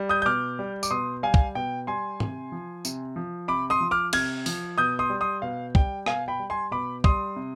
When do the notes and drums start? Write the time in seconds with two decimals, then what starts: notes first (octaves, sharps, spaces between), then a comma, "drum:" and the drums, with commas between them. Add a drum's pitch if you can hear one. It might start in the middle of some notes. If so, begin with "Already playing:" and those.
Already playing: G3
0.09 D#6 G6
0.22 G6
0.26 B2 D6 F6
0.59 G3
0.83 D6, drum: tambourine
0.90 B2 C6 D#6
1.23 G3 F5 G#5
1.34 drum: kick
1.55 B2 G5
1.87 G3 G#5 C6
2.20 C3, drum: tom G#2
2.52 F3
2.85 C3, drum: tambourine
3.16 F3
3.48 C3 B5 D6
3.70 C6 D#6
3.81 F3
3.91 D6 F6
4.13 C3 F6 G#6, drum: cymbal
4.46 F3, drum: open hi-hat
4.78 B2 D#6 G6
4.99 C6 D#6
5.10 G3
5.21 C6 D#6
5.42 B2 F5
5.75 G3 G5, drum: kick
6.06 B2 F5 G#5, drum: rim click
6.28 G5 B5
6.39 G3
6.50 G#5 C6
6.71 B2 B5 D6
7.04 G3 C6 D#6, drum: kick
7.36 C3